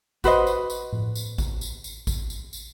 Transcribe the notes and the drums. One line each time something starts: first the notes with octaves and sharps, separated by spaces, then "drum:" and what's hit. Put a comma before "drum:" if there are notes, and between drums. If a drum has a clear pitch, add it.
F#4 B4 C5 D#5, drum: kick G#1, tambourine
drum: tambourine
drum: tambourine
drum: tom A2
drum: tambourine
drum: kick G#1, tambourine
drum: tambourine
drum: tambourine
drum: kick G#1, tambourine
drum: tambourine
drum: tambourine